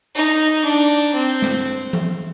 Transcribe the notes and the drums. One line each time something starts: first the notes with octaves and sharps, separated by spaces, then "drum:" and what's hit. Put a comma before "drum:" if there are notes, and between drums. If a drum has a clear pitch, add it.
D#4, drum: tambourine
D4
C4
drum: snare
drum: tom E3